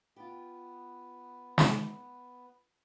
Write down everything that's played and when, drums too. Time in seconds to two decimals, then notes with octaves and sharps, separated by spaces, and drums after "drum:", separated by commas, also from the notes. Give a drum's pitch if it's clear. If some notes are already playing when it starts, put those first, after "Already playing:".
0.16 B3 F4 G4
1.58 drum: snare